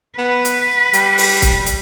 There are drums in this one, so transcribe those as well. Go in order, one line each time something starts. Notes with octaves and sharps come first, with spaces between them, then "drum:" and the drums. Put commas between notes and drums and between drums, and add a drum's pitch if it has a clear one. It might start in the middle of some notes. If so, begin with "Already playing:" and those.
B3 B4
drum: hi-hat
G3, drum: hi-hat
drum: open hi-hat
drum: kick, hi-hat
drum: hi-hat